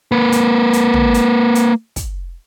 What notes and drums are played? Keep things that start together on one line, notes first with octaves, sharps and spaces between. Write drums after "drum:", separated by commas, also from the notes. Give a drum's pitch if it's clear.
A#3 B4
drum: hi-hat
drum: hi-hat
drum: tom
drum: hi-hat
drum: hi-hat
drum: kick, hi-hat